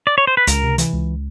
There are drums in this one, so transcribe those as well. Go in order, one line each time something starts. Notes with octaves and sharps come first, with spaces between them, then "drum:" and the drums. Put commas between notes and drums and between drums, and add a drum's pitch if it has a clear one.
D5
C#5
C5
B4
C#2 A#4, drum: hi-hat
C3
E3, drum: hi-hat
C#2